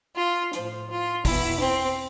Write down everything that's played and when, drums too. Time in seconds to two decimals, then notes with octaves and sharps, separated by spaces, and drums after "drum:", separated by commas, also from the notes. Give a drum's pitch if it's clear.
0.17 F4
0.53 A2 F3, drum: hi-hat
0.89 F4
1.25 E2 B2 E4, drum: kick, open hi-hat
1.60 C4